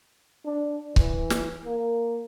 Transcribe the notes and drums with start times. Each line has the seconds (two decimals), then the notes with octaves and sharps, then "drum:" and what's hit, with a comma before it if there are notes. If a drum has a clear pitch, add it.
0.45 D4
0.96 E3, drum: kick C#1
1.30 drum: snare
1.65 A#3